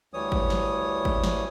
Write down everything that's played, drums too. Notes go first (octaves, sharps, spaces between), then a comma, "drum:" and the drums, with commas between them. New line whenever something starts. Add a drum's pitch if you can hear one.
D2 E3 G3 C#5 D#6
drum: kick G#1
drum: snare
drum: kick G#1
drum: snare